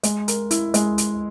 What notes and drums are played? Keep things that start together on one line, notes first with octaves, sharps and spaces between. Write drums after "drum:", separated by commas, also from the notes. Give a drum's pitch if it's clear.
G#3, drum: hi-hat
A#4, drum: hi-hat
E4, drum: hi-hat
G#3, drum: hi-hat
drum: hi-hat